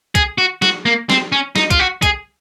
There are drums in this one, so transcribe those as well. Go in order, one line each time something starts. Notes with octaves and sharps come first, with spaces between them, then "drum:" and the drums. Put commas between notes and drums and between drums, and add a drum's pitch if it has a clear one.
G#4, drum: kick C2, hi-hat
F#4
F#4, drum: snare
A#3
C4, drum: snare
C#4
D#4, drum: snare
F4, drum: kick C2, hi-hat
F#4
G#4, drum: kick C2, hi-hat